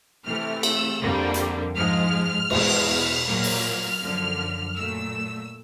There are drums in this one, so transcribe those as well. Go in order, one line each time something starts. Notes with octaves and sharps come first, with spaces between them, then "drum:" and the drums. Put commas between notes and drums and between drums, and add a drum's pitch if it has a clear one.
C3 E3 A3 F6
E6, drum: cymbal
F2 D3 G3 A#3
drum: hi-hat
G#2 F3 G#3 F6
E2 B2 G#3, drum: cymbal
A#2 F#3 A#3 F6
drum: open hi-hat
F#2 D3 F3
A#2 F#3 A3 E6